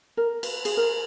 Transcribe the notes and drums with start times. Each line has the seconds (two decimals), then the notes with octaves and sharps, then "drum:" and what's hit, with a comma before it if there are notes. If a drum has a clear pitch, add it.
0.17 A#4
0.43 B4, drum: cymbal
0.65 G#4, drum: cymbal
0.77 A#4